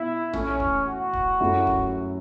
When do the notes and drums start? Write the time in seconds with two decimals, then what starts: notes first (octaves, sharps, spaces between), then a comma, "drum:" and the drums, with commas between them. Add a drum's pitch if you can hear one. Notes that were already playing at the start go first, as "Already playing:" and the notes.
Already playing: B2 B3 E4
0.33 E3 A3 C#4 E4, drum: tom A#1
0.60 drum: kick D1
0.87 F#4
1.13 drum: kick D1
1.40 F#2 F#3 A3 E4
1.67 drum: kick D1